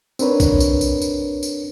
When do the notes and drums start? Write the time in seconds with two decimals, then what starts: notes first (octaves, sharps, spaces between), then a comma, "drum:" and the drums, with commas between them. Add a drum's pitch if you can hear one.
0.19 C4 D4 A#4 B4 C#5, drum: tambourine
0.40 drum: kick B1, tambourine
0.60 drum: tambourine
0.81 drum: tambourine
1.02 drum: tambourine
1.43 drum: tambourine